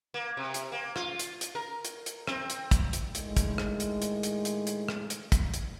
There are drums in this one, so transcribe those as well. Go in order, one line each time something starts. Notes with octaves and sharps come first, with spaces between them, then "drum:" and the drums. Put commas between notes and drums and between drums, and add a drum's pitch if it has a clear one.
A#3
C3
drum: hi-hat
A#3
F4, drum: rim click
drum: hi-hat
drum: hi-hat
A#4
drum: hi-hat
drum: hi-hat
C4, drum: rim click
drum: hi-hat
drum: kick, hi-hat
drum: hi-hat
A2 D#3 G#3, drum: hi-hat
drum: kick, hi-hat
drum: rim click
drum: hi-hat
drum: hi-hat
drum: hi-hat
drum: hi-hat
drum: hi-hat
drum: rim click
drum: hi-hat
drum: kick, hi-hat
drum: hi-hat